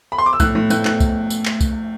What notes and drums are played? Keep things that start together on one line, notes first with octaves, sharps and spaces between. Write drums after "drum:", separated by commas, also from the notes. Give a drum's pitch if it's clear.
B5
C6
D6
E6
A2 F#6, drum: kick C2, tambourine
A2
A2 F#6, drum: tambourine
A2 F#6, drum: clap
drum: kick C2, tambourine
drum: tambourine
drum: clap
drum: kick C2, tambourine